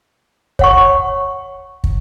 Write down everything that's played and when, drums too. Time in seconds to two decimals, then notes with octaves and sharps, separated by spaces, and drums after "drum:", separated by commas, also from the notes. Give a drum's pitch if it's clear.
0.59 C#5 F#5 C#6, drum: kick
1.84 drum: kick